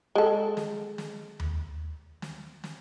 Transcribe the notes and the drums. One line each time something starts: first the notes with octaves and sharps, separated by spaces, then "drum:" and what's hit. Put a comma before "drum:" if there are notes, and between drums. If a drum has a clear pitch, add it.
G#3 A4
drum: snare
drum: snare
drum: tom D#2
drum: snare
drum: snare